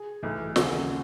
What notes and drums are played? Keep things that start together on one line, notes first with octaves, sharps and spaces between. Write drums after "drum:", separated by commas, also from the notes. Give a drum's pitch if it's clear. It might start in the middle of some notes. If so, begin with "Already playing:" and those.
Already playing: G#4
B1 A2 E3
D#2 C#3 F#3 A#3 G#4, drum: snare